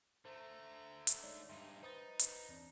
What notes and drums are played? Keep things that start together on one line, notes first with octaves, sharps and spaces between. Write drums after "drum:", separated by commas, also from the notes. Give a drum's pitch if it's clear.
D3 A3 C5 A#5
drum: hi-hat
G#3 D#4 C#5 D5
G2 D#4 E5 C6
D#4 B4 C5 D#6 A6
B4, drum: hi-hat
E2 C4 D4